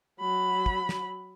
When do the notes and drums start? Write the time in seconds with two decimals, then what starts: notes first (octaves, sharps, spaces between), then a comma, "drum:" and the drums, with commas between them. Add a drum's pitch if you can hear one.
0.20 F#3 B5
0.66 drum: kick
0.89 drum: snare